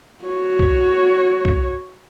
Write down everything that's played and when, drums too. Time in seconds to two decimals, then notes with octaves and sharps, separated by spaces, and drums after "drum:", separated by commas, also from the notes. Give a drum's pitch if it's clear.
0.24 F#4 C#5
0.59 drum: kick
1.45 drum: kick